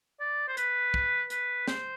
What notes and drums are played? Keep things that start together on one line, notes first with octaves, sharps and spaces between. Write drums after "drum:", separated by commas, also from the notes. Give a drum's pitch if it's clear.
D5
C5
B4, drum: hi-hat
drum: kick
B4, drum: hi-hat
C5, drum: snare